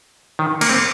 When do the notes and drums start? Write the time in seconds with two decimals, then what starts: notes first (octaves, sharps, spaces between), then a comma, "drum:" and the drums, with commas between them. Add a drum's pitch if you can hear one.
0.39 D#3
0.61 A#3, drum: cymbal
0.69 C4